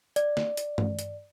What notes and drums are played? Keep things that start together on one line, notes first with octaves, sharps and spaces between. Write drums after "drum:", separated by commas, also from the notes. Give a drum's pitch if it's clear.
D5, drum: hi-hat
drum: snare
drum: hi-hat
drum: tom
drum: hi-hat